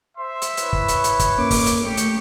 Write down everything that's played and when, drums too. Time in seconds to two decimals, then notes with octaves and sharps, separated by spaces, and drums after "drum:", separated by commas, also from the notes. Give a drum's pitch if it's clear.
0.17 C5 E5 C6
0.42 drum: hi-hat
0.57 E4 B4 C#5, drum: hi-hat
0.73 drum: kick
0.88 drum: hi-hat
1.04 drum: hi-hat
1.19 drum: kick, hi-hat
1.38 A#3 C#4 D6
1.51 drum: kick, open hi-hat
1.66 drum: hi-hat
1.85 A3 G4 C#6
1.97 drum: hi-hat